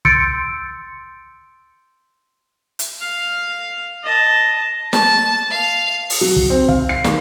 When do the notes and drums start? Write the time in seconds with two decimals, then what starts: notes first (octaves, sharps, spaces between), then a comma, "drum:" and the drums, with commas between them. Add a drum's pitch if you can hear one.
0.05 C6 E6 G6 A6 C#7 D7, drum: kick
2.79 drum: hi-hat
3.00 F5
4.03 D#5 A5
4.93 A5, drum: snare
5.51 F5
6.10 drum: open hi-hat
6.21 F#3
6.36 drum: kick
6.50 C4
6.68 F5, drum: kick
6.89 C7
7.04 D#2, drum: snare